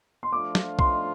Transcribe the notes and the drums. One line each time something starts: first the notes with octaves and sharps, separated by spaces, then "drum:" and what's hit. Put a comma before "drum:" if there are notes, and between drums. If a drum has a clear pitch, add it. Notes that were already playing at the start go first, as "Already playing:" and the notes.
C6
F3 A3 D4 F4 D6
drum: snare
C6, drum: kick B1